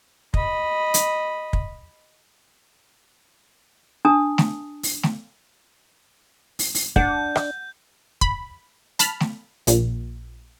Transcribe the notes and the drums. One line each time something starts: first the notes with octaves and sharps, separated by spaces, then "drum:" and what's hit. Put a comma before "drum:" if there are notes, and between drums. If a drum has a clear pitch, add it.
D#5 B5, drum: kick
drum: hi-hat
drum: kick
D4 A5 D#6
drum: snare
drum: open hi-hat
drum: snare
drum: open hi-hat
drum: open hi-hat
D4 F#5 G6, drum: kick
drum: rim click
B5, drum: kick
A5 B5 F6, drum: hi-hat
drum: snare
A#1 A#2, drum: hi-hat